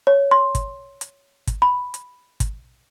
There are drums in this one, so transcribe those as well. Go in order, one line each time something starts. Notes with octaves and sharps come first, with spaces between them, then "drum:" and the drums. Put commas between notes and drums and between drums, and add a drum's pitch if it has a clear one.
C#5
C6
drum: kick, hi-hat
drum: hi-hat
drum: kick, hi-hat
B5
drum: hi-hat
drum: kick, hi-hat